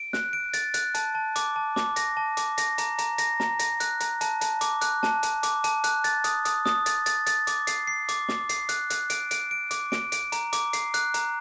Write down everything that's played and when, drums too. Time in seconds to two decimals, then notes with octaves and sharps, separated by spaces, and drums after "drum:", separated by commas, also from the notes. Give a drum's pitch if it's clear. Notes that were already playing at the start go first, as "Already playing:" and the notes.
Already playing: D7
0.13 F#6, drum: snare
0.33 D7
0.53 A6, drum: hi-hat
0.74 F#6, drum: hi-hat
0.95 A5, drum: hi-hat
1.15 A5
1.36 D6, drum: hi-hat
1.56 A5
1.76 D6, drum: snare
1.96 A#6, drum: hi-hat
2.17 A5
2.37 D6, drum: hi-hat
2.58 A#6, drum: hi-hat
2.78 A#5, drum: hi-hat
2.99 A#5, drum: hi-hat
3.18 A#6, drum: hi-hat
3.40 A#5, drum: snare
3.59 A#6, drum: hi-hat
3.80 F#6, drum: hi-hat
4.00 A#5, drum: hi-hat
4.21 A5, drum: hi-hat
4.41 A5, drum: hi-hat
4.61 D6, drum: hi-hat
4.81 F#6, drum: hi-hat
5.03 A5, drum: snare
5.23 A5, drum: hi-hat
5.43 D6, drum: hi-hat
5.64 A5, drum: hi-hat
5.84 F#6, drum: hi-hat
6.04 A6, drum: hi-hat
6.24 D#6, drum: hi-hat
6.45 D#6, drum: hi-hat
6.66 D#6, drum: snare
6.86 A6, drum: hi-hat
7.06 A6, drum: hi-hat
7.27 A6, drum: hi-hat
7.47 D6, drum: hi-hat
7.67 C7, drum: hi-hat
7.87 C7
8.09 D6, drum: hi-hat
8.29 D6, drum: snare
8.49 C7, drum: hi-hat
8.69 F#6, drum: hi-hat
8.90 F#6, drum: hi-hat
9.10 D7, drum: hi-hat
9.31 D7, drum: hi-hat
9.51 D7
9.71 D6, drum: hi-hat
9.92 D7, drum: snare
10.12 D7, drum: hi-hat
10.32 A#5, drum: hi-hat
10.53 D6, drum: hi-hat
10.73 C7, drum: hi-hat
10.94 F#6, drum: hi-hat
11.14 A#5, drum: hi-hat